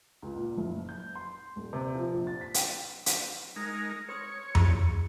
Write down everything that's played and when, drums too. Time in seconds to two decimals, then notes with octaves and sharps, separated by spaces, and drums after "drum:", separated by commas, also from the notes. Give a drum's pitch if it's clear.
0.22 C#2
0.36 A#2
0.57 F#1
0.89 G6
1.15 C6
1.56 D#1
1.73 C3
1.95 F3
2.14 A#1
2.27 A6
2.41 B6
2.54 G5, drum: hi-hat
3.06 drum: hi-hat
3.56 G#3 D#4 A#4
4.09 B4 C#5 C6 D#6
4.55 E4 F#4 G#4, drum: tom F2